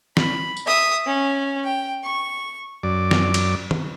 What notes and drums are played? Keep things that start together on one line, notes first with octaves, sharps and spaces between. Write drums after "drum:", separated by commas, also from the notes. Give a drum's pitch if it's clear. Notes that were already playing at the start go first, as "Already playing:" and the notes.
B5, drum: snare
drum: tambourine
E5 D#6
C#4
G5
C#6
F#2 D5
drum: snare
drum: cymbal
drum: tom